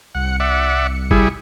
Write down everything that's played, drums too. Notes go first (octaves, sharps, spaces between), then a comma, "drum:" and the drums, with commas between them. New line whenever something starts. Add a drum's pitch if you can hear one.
C2 F#5 C#7
D5 E5 F#5
G3 E4 G#4, drum: kick G1